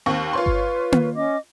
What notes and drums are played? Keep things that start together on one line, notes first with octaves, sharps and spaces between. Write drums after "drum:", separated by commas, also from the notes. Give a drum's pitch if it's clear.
D#2 C4 C#6
F4 B4 C#5 C6
drum: kick G1
drum: tom A#3
C#4 D#5 D6